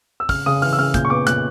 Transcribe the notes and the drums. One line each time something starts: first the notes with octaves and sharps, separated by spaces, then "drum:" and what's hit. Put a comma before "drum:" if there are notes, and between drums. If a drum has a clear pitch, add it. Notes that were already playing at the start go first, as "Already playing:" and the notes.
E6
C#3 F6, drum: kick, open hi-hat
C#3 D#6
E3 F6, drum: open hi-hat
E6
C#3 F6
A#2 G6, drum: kick, hi-hat
C#6
B3 D6
A#2 F#6, drum: hi-hat